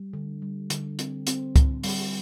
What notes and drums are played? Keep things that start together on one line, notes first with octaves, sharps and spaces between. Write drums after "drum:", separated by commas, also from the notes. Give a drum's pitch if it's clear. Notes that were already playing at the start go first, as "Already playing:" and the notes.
Already playing: G3
D3
G3
D3, drum: hi-hat
C4, drum: hi-hat
C4, drum: hi-hat
D3, drum: kick, hi-hat
G3, drum: open hi-hat